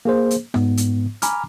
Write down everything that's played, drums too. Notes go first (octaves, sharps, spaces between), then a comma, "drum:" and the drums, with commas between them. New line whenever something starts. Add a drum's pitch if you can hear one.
A#3 G#4 C5
drum: hi-hat
G#2 B3, drum: rim click
drum: hi-hat
G#5 A#5 B5 D6 F6, drum: hi-hat